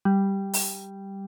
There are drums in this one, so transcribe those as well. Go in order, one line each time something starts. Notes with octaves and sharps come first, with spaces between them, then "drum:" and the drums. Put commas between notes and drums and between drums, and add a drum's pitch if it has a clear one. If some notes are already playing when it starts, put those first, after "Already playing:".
G3
drum: open hi-hat